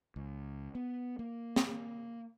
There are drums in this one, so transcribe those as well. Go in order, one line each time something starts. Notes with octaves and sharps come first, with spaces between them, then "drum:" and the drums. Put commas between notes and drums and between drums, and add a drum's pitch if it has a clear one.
C#2
B3
A#3
drum: snare